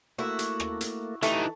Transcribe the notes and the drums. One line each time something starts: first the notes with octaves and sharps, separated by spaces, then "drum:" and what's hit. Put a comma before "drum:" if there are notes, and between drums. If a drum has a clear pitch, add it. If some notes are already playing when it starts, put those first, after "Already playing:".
A3 A#3 E4 F#4
drum: hi-hat
drum: rim click
drum: hi-hat
E3 A3 D#4 E4 G4, drum: hi-hat